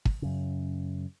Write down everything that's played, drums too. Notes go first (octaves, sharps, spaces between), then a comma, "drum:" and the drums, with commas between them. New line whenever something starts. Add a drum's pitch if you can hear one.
drum: kick
F#2 C#3